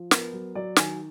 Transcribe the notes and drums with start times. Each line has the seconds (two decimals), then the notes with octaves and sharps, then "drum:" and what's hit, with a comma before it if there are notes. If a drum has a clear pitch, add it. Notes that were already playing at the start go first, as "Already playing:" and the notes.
Already playing: F3
0.11 B3 A#4, drum: snare
0.33 F#3
0.55 F#3 D5
0.76 D#3 G#5, drum: snare